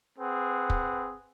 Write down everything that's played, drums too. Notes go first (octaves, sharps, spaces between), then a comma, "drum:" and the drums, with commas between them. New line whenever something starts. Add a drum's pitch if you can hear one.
C4 G#4 B4 F#5
drum: kick